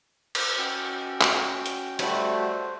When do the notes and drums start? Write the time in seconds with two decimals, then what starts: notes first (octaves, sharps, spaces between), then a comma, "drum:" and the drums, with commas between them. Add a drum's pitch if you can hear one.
0.35 drum: cymbal
0.59 C#4 F#4 G5
1.21 drum: clap
1.66 drum: hi-hat
1.99 G3 A3 F#4 C5, drum: cymbal